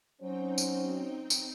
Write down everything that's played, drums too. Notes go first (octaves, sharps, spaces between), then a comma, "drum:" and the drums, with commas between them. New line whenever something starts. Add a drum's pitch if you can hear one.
F#3 C4 C#4 D#4 C5 G5
drum: tambourine
drum: tambourine